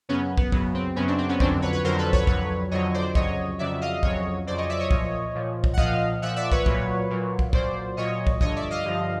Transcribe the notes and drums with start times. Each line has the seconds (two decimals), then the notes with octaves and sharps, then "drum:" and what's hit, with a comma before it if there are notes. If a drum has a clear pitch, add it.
0.09 F#2 C#3 F#3 B3 C#4
0.38 B3, drum: kick
0.52 F#2 C#3 F#3 B3, drum: kick
0.74 C4
0.96 F#2 C#3 F#3 B3 C#4
1.07 C4 D4
1.18 C4
1.29 B3 C#4
1.40 F2 D3 F#3 C4 D4, drum: kick
1.62 B4 C#5
1.73 B4 C#5
1.84 F2 D3 F#3 A#4 C5
1.98 A4 B4
2.13 B4 C#5, drum: kick
2.27 F2 D3 F#3 B4 C#5, drum: kick
2.71 F2 D3 F#3 C#5 D#5
2.94 C5 D5
3.15 F2 C#3 F#3 C#5 D#5, drum: kick
3.59 F2 C#3 F#3 D5 E5
3.81 D#5 F5
4.03 F2 C#3 F#3 C#5 D#5, drum: kick
4.47 F2 C#3 F#3 C5 D5
4.58 C#5 D#5
4.69 D5 E5
4.79 C#5 D#5
4.91 A#2 F3, drum: kick
5.35 A#2 F3
5.64 drum: kick
5.74 F#5
5.78 A#2 F3 D#5 F5, drum: kick
6.22 A#2 F3 E5 F#5
6.36 D5 E5
6.52 B4 C#5, drum: kick
6.66 A#2 F#3, drum: kick
7.10 A#2 F#3
7.39 drum: kick
7.53 A#2 F#3 C5 D5, drum: kick
7.97 A#2 F#3 C#5 D#5
8.27 drum: kick
8.41 G2 D3 F3 C#5 D#5, drum: kick
8.56 D5 E5
8.70 D#5 F5
8.85 G2 D3 F3